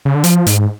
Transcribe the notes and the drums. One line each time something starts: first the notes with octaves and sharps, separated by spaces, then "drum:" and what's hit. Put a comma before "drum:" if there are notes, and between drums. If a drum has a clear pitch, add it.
C#3
D3
F3, drum: hi-hat
G#2, drum: hi-hat